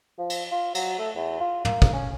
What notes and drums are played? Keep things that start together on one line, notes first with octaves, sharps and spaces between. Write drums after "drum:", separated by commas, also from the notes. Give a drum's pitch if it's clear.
F3
drum: cymbal
F4
F#3, drum: cymbal
A3
E2
F4
A#3, drum: tom
drum: kick
C#4